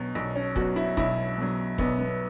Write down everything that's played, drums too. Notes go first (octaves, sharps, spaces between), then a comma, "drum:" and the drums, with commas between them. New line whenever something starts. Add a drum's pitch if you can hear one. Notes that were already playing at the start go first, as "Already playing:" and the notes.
Already playing: B1 B2 F#3
B1
C#4
B2 F#3 F#4, drum: kick
E4
B1 E4, drum: kick
B2 F#3
B1 B3, drum: kick
B3